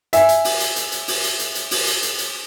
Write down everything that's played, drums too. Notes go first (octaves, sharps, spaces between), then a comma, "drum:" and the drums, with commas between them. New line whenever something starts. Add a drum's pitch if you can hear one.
E5 G#5, drum: hi-hat
drum: hi-hat
drum: open hi-hat
drum: hi-hat
drum: hi-hat
drum: hi-hat
drum: open hi-hat
drum: hi-hat
drum: hi-hat
drum: hi-hat
drum: open hi-hat
drum: hi-hat
drum: hi-hat
drum: hi-hat